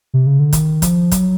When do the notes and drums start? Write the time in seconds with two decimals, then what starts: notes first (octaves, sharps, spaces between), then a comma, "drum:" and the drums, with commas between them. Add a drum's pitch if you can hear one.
0.14 C3
0.27 C#3
0.40 D3
0.53 D#3, drum: kick, hi-hat
0.82 F3, drum: kick, hi-hat
1.11 F#3, drum: kick, hi-hat